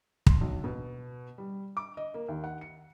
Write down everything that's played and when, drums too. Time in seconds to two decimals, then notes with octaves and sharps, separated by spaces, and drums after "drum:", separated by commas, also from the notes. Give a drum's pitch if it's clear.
0.26 C6, drum: kick
0.41 B1
0.64 B2
1.38 G3
1.77 D6
1.97 D#5
2.14 A#3
2.28 D#2
2.44 F#5
2.61 C#7